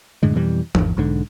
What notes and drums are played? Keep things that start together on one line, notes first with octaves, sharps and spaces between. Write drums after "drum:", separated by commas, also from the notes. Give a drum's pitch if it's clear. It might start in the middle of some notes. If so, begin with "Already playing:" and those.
F#2 A2 D3 G#3
F2 B2 E3 G3
G#1 E2, drum: tom F3
B1 G#2 D3